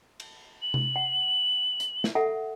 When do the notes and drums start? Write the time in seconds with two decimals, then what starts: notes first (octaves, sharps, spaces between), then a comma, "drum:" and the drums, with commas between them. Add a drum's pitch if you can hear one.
0.20 drum: cymbal
0.62 F#7
0.74 drum: tom C3
0.96 F#5
1.80 drum: hi-hat
2.04 drum: snare
2.15 A4 E5 F#5